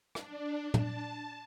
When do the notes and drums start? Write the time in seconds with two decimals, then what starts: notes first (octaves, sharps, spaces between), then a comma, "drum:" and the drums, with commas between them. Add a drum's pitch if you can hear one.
0.15 D4, drum: rim click
0.74 A5, drum: tom